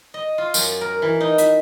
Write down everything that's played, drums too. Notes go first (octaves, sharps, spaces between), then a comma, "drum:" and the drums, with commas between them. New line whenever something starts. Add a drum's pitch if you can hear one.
D#5
F4
F#2, drum: tambourine
A#4
E3
D#4
E5, drum: hi-hat